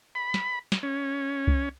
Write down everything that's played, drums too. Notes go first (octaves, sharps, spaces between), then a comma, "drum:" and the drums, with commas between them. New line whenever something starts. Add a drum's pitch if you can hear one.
B5
drum: snare
drum: snare
C#4
drum: kick C2